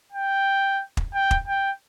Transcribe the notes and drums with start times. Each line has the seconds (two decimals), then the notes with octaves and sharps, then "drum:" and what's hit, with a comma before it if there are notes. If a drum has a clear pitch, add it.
0.13 G5
0.97 drum: kick
1.14 G5
1.31 drum: kick
1.48 G5